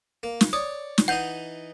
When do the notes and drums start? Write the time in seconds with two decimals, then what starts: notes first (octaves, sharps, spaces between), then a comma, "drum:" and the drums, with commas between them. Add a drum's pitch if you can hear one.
0.23 A#3
0.41 drum: snare
0.53 C#5 D5 D#6
0.98 drum: snare
1.08 E3 D#4 D#5 F#5 G6